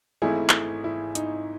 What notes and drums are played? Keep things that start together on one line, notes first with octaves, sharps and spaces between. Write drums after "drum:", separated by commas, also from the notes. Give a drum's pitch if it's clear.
G#1 G#2 E3 A3 E4 G#4
drum: clap
E4
D#4, drum: hi-hat